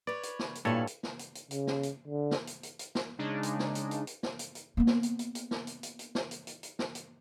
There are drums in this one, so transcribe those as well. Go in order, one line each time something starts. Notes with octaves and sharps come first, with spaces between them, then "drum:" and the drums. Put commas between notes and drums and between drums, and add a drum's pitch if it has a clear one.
B4 C#5 D5
drum: hi-hat
drum: snare
drum: hi-hat
G2 A#2 E4 A4 C#5 F5
drum: hi-hat
drum: snare
drum: hi-hat
drum: hi-hat
C#3, drum: hi-hat
drum: snare
drum: hi-hat
D3
drum: snare
drum: hi-hat
drum: hi-hat
drum: hi-hat
drum: snare
C#3 G#3 D4 D#4
drum: hi-hat
drum: snare
drum: hi-hat
drum: hi-hat
drum: hi-hat
drum: snare
drum: hi-hat
drum: hi-hat
A#3 B3
drum: snare
drum: hi-hat
drum: hi-hat
drum: hi-hat
drum: snare
drum: hi-hat
drum: hi-hat
drum: hi-hat
drum: snare
drum: hi-hat
drum: hi-hat
drum: hi-hat
drum: snare
drum: hi-hat